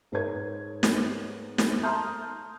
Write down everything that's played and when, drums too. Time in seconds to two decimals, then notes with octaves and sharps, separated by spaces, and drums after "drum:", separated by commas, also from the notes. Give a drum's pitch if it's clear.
0.12 G#2 G#3 A#4 B4 C#5 G#6
0.83 drum: snare
1.58 drum: snare
1.83 A5 A#5 C6 D#6 F6 G6